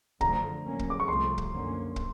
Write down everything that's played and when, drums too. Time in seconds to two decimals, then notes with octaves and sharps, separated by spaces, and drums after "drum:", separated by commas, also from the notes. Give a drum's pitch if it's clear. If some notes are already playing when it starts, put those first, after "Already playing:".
0.21 F#2 D3 F3 A3 A#5, drum: kick
0.65 A2 F#3 A#3 C#4
0.79 drum: kick
0.90 D6
1.00 C#6
1.08 C2 C3 F3 A3 C6
1.38 drum: kick
1.52 F#2 D3 F3 A#3 C#4
1.96 drum: kick